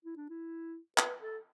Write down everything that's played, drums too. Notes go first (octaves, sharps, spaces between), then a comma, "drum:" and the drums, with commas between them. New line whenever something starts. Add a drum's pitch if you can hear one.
E4
D4
E4
B4, drum: clap
A4